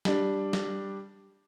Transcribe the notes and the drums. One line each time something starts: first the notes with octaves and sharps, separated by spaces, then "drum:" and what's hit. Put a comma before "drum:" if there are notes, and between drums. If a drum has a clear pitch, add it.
G3 D4, drum: snare
drum: snare